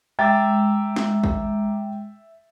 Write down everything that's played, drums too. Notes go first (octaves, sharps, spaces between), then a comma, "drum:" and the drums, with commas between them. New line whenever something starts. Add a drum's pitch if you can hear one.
G#3 E5 G5 A#5 D6 E6 A6
drum: snare
drum: kick